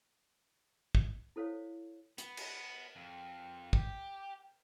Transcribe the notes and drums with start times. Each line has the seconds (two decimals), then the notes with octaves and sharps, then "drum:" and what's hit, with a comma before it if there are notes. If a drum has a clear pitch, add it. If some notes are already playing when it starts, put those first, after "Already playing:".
0.95 drum: kick
1.36 E4 A4 C5 C#5 F5
2.18 B3, drum: hi-hat
2.37 drum: cymbal
2.96 F2
3.73 G4, drum: kick